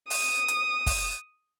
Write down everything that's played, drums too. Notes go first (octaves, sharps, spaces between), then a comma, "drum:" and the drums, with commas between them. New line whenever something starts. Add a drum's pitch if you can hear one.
D#6, drum: open hi-hat
drum: hi-hat
drum: kick, open hi-hat